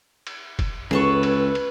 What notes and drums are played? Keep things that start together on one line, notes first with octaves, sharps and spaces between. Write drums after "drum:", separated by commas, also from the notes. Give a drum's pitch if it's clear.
drum: cymbal
drum: kick F1, cymbal
C#2 G#4 A4 B4 C#6, drum: snare
drum: cymbal
drum: cymbal